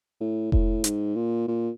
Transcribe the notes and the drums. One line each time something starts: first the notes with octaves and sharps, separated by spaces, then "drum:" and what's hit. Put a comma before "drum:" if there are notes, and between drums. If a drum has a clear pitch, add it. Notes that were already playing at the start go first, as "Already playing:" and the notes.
A2
A2, drum: kick F1
G#2, drum: hi-hat
A#2
A#2